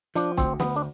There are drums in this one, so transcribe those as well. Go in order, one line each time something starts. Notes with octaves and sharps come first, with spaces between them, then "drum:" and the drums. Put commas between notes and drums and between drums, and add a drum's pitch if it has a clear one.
F3 D4, drum: hi-hat
D2 C4, drum: kick, hi-hat
D2 B3, drum: snare
D4